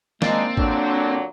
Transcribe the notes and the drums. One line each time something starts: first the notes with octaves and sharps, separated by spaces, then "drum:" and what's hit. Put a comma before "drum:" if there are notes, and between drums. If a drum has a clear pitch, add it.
G#3 A#3 C4 D4 D#4 A6, drum: snare
A#2 D3 F#3 D4, drum: kick